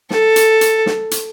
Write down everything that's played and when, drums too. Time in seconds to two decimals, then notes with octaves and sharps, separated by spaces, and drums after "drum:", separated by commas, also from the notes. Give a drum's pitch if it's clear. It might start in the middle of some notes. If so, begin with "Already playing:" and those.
0.10 A4, drum: snare
0.36 drum: hi-hat
0.61 drum: hi-hat
0.86 drum: snare
1.11 drum: hi-hat